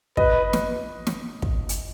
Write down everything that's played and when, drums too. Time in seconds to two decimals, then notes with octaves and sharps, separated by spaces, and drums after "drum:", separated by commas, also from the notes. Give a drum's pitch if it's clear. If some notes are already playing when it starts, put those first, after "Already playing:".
0.17 B4 D#5, drum: kick
0.53 drum: snare
1.07 drum: snare
1.42 drum: kick
1.69 drum: hi-hat